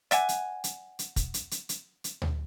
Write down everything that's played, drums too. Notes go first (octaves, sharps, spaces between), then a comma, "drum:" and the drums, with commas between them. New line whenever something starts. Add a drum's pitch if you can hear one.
D5 E5 F#5 G#5, drum: hi-hat
drum: hi-hat
drum: hi-hat
drum: hi-hat
drum: kick, hi-hat
drum: hi-hat
drum: hi-hat
drum: hi-hat
drum: hi-hat
drum: tom D2